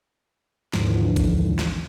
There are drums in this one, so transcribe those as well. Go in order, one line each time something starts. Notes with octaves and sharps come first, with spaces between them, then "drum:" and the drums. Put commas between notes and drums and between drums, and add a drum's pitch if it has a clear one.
D#2 G#2 D3 E3 F3, drum: snare
drum: kick A1, hi-hat
drum: snare